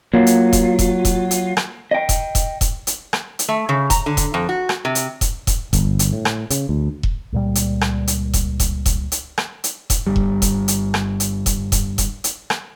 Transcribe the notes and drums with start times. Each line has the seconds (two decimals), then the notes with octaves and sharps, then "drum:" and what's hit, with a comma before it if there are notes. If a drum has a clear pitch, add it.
0.14 F#3 A#3 F4
0.27 drum: hi-hat
0.53 drum: kick E1, hi-hat
0.79 drum: kick E1, hi-hat
1.05 drum: kick E1, hi-hat
1.31 drum: hi-hat
1.57 drum: rim click
1.91 D#5 G5
2.09 drum: kick E1, hi-hat
2.35 drum: kick E1, hi-hat
2.61 drum: kick E1, hi-hat
2.87 drum: hi-hat
3.13 drum: rim click
3.39 drum: hi-hat
3.48 A3
3.69 C#3
3.90 A#5, drum: kick E1, hi-hat
4.06 D3
4.17 drum: kick E1, hi-hat
4.34 F2
4.49 F#4
4.69 drum: rim click
4.85 C3
4.95 drum: hi-hat
5.21 drum: kick E1, hi-hat
5.47 drum: kick E1, hi-hat
5.73 G1, drum: kick E1, hi-hat
5.99 drum: hi-hat
6.13 A2
6.25 drum: rim click
6.50 C#3, drum: hi-hat
6.69 D2
7.03 drum: kick E1
7.32 C#2 A#2 G3
7.55 drum: hi-hat
7.81 drum: rim click
8.07 drum: hi-hat
8.33 drum: kick E1, hi-hat
8.60 drum: kick E1, hi-hat
8.86 drum: kick E1, hi-hat
9.12 drum: hi-hat
9.38 drum: rim click
9.64 drum: hi-hat
9.90 drum: kick E1, hi-hat
10.07 G1 G3
10.16 drum: kick E1
10.42 drum: kick E1, hi-hat
10.68 drum: hi-hat
10.94 drum: rim click
11.20 drum: hi-hat
11.46 drum: kick E1, hi-hat
11.72 drum: kick E1, hi-hat
11.98 drum: kick E1, hi-hat
12.24 drum: hi-hat
12.50 drum: rim click